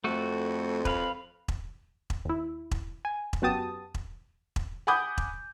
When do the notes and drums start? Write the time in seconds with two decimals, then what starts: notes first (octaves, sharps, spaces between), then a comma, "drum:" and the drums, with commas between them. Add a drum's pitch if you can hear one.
0.04 F2 A3 F#4
0.85 B4 F5 B5, drum: kick E1
1.48 drum: kick E1
2.10 drum: kick E1
2.25 D#2 E4
2.71 drum: kick E1
3.05 G#5
3.33 drum: kick E1
3.42 F#2 B3 F#4 G4 A5 D#6
3.94 drum: kick E1
4.56 drum: kick E1
4.87 F#5 G#5 B5 D6 D#6 G6
5.18 drum: kick E1